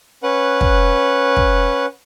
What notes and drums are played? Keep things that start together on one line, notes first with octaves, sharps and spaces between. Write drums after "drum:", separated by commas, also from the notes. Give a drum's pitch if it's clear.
C#4 B4 F#5
drum: kick
drum: kick